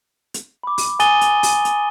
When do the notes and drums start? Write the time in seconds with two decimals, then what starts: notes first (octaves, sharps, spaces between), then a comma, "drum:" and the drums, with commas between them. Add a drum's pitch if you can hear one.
0.34 drum: hi-hat
0.63 B5 D6
0.78 drum: open hi-hat
1.00 G#5 D#6 A6 D#7 G7, drum: hi-hat
1.21 drum: hi-hat
1.43 drum: open hi-hat
1.65 drum: hi-hat